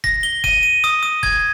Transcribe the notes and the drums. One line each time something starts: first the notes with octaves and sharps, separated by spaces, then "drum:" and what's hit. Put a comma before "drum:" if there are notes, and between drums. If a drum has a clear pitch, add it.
A#6, drum: kick F1
G7
D#7, drum: kick F1
D#7
D#6
D#6
G#6, drum: kick F1